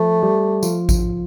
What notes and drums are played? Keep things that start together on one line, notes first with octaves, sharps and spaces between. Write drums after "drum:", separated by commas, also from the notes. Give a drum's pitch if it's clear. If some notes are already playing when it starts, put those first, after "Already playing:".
Already playing: F3 A3
G3 G4
F3 F4, drum: tambourine
drum: kick A1, tambourine